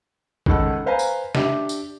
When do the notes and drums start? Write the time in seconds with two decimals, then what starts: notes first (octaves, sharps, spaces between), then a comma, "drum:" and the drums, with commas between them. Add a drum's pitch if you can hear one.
0.46 C#2 D#3 A4 F#5, drum: kick
0.86 B4 C5 F5 G#5 A#5
0.99 drum: tambourine
1.35 D4 G4 E5, drum: snare
1.69 drum: tambourine